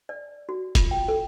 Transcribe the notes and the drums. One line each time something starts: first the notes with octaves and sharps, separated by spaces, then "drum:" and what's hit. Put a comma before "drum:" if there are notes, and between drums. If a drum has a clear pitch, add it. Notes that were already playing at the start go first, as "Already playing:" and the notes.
D5
F#4
F4, drum: kick, hi-hat
G5
A4